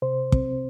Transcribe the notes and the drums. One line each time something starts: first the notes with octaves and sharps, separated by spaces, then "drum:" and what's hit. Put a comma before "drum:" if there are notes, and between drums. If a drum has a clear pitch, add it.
C3 C5
C4, drum: kick